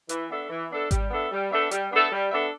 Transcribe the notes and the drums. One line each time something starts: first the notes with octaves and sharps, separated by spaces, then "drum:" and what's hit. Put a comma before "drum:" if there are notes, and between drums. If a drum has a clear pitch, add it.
E3, drum: hi-hat
B3 D4 A4 E5
E3
B3 D4 A4 E5
G3, drum: kick G#1, hi-hat
B3 D4 A4 E5
G3
B3 D4 A4 E5
G3, drum: hi-hat
B3 D4 A4 E5
G3
B3 D4 A4 E5